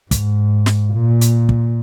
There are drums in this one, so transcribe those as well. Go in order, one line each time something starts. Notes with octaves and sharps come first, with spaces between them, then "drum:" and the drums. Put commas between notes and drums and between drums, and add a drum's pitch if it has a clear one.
G#2, drum: kick, hi-hat
drum: snare
A#2
drum: hi-hat
drum: kick